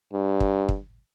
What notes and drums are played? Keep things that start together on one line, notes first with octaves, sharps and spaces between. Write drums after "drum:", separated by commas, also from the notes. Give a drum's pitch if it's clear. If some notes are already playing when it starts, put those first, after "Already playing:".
G2
drum: kick
drum: kick